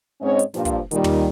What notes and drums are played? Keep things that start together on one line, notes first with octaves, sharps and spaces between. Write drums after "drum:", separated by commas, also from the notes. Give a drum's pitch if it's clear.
G#2 G#3 C4 C#4 C#5 D#5
drum: hi-hat
G2 A#2 F3, drum: snare
drum: kick, hi-hat
A#2 D#3 G3, drum: hi-hat
drum: tom